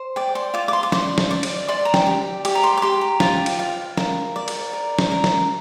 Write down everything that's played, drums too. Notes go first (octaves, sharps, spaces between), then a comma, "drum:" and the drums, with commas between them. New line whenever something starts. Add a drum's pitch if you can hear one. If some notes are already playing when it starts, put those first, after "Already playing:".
Already playing: C5
D5 G5
C6
F4 D6
D6
C6
D6
D5 C6, drum: snare
drum: snare
D5
drum: cymbal
D5 C6
A#5
G5, drum: snare
G4
G4 D6, drum: cymbal
A#5
C6
D6
G4 C6
A#5
F4 G5, drum: snare
drum: cymbal
F4
A#4, drum: snare
D5
drum: cymbal
A#4
drum: snare
A#4
drum: snare